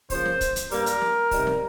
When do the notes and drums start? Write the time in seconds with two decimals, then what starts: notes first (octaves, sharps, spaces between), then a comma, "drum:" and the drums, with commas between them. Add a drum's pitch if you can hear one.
0.10 C#3 F3 A#3 C5, drum: kick, open hi-hat
0.26 drum: snare
0.41 drum: kick, hi-hat
0.56 drum: hi-hat
0.71 G2 G3 A#3 A#4, drum: open hi-hat
0.86 drum: hi-hat
1.01 drum: snare
1.31 C3 D#3 G3, drum: kick, open hi-hat
1.47 drum: snare